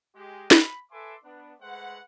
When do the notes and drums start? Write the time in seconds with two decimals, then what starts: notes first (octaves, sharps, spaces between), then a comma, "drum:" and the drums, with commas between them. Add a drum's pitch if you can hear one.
0.16 G#3 G4 G#4
0.51 B5, drum: snare
0.92 A4 B4 E5 G#5 C6 D6
1.25 B3 D4
1.61 G#3 A3 B4 C5 F#5